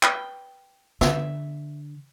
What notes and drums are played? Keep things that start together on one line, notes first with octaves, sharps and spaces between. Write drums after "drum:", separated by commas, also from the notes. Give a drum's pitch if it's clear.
B4 G5, drum: clap
D3 E5, drum: snare